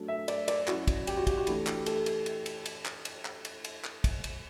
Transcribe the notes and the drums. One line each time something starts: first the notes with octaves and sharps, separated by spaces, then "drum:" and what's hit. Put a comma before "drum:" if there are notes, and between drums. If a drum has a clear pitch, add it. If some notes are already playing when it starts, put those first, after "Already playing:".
Already playing: F#3 A3 D4
E5
D5, drum: cymbal
D5, drum: cymbal
F#3 C#4 E4 F#4, drum: clap
drum: kick, cymbal
G4, drum: cymbal
F#4
G4, drum: kick, cymbal
F#4
E3 A3 D4 E4, drum: cymbal
G4, drum: clap
A4, drum: cymbal
drum: cymbal
drum: cymbal
drum: cymbal
drum: cymbal
drum: clap
drum: cymbal
drum: clap
drum: cymbal
drum: cymbal
drum: clap
drum: kick, cymbal
drum: cymbal